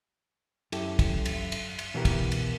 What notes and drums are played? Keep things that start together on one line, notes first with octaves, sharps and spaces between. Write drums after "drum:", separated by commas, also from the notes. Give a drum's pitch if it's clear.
F#2 E4 G4 A4, drum: cymbal
drum: kick, cymbal
drum: cymbal
drum: cymbal
drum: cymbal
B2 E3 B3 G4 A#4
drum: kick, cymbal
drum: cymbal